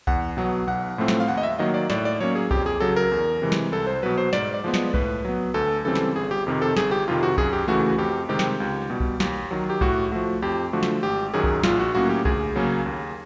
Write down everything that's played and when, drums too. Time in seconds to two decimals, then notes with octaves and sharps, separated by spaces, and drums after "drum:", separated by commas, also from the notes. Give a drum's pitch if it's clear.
0.07 E2 F#5, drum: kick B1
0.37 B2 F#3 B3 F#5
0.67 B1 F#5
0.98 A2 F3 A3 C4
1.08 drum: snare
1.20 F5
1.28 D#2 F#5
1.38 D#5
1.43 E5
1.59 D#3 F#3 A#3 D#5
1.74 D5
1.90 A2 D5, drum: snare
2.05 D5
2.20 F#3 A#3 C#4 C#5
2.35 G#4
2.51 F2 G4, drum: kick B1
2.66 G#4
2.80 C#3 F#3 A4
2.96 A#4
3.12 E2
3.42 C3 E3 G#3
3.52 drum: snare
3.72 C2 A4
3.87 C5
4.03 B2 F#3 B4
4.18 C5
4.33 G#2 D5, drum: snare
4.54 D5
4.64 F3 G#3 B3
4.74 drum: snare
4.94 A2 B4, drum: kick B1
5.25 F#3 B3
5.54 D2 A4
5.85 C#3 E3 G3 C4 A4
5.95 drum: snare
6.16 G1 G#4
6.31 G4
6.47 F2 C3 D#3
6.62 A4
6.77 G1 G#4, drum: snare
6.91 G4
7.08 F2 C3 D#3 F4
7.23 F#4
7.37 F#2 G#4, drum: kick B1
7.53 G4
7.68 C#3 E3 A3 F#4
7.83 F#4
7.98 F2 G4
8.29 C3 D#3 G#3 C4 G4
8.39 drum: snare
8.60 C#2
8.90 B2 G3
9.00 drum: kick B1
9.20 D#2, drum: snare
9.51 D#3 F#3
9.70 G4
9.81 A2 F#4, drum: kick B1
10.11 F3 A3 F#4
10.42 F2 G4
10.73 D3 F3 A3 F#4
10.83 drum: snare
11.03 G#1 G4
11.34 F#2 D#3 F#3 G#4
11.44 drum: kick B1
11.63 A#1 F4, drum: snare
11.79 F#4
11.95 A2 F#3 A#3 C#4 F#4
12.09 G4
12.25 D2 G#4, drum: kick B1
12.56 C#3 F#3 A#3 C#4
12.86 D#2